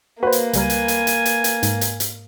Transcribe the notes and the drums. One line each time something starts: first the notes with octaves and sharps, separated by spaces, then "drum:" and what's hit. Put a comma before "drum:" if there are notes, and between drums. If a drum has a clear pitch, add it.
A#3 F#4 B4 C5
drum: hi-hat
C#2 G3 A#4 G#5, drum: hi-hat
drum: hi-hat
drum: hi-hat
drum: hi-hat
drum: hi-hat
drum: hi-hat
G#2, drum: hi-hat
drum: hi-hat
drum: hi-hat